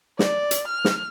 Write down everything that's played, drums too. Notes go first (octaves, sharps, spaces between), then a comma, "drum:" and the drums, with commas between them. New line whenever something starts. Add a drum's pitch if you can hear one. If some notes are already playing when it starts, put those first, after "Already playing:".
D5, drum: snare
drum: hi-hat
F6
drum: snare